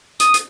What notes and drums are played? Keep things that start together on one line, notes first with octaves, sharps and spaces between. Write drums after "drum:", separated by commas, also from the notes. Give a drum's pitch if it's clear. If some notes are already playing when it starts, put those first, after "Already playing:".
D#6, drum: hi-hat
drum: hi-hat